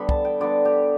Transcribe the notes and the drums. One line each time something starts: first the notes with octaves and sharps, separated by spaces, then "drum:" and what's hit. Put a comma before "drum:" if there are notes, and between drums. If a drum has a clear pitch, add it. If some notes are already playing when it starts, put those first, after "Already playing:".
Already playing: D3 G3 B3 B5
A5, drum: kick
G5
D3 G3 B3 D5
G4